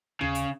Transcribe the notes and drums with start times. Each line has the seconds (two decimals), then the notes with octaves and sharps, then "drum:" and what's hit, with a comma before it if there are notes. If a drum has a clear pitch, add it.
0.21 C#3, drum: tom D#2
0.35 drum: hi-hat